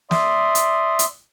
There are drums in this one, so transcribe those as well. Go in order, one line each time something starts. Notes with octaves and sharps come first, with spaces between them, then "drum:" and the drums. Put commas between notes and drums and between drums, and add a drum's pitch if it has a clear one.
D5 E5 C6 D#6, drum: snare
drum: hi-hat
drum: hi-hat